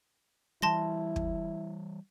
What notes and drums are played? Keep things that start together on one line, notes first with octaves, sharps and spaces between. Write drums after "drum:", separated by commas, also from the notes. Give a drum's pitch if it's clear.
E3 G3 E4 A5 C6 A#6
drum: kick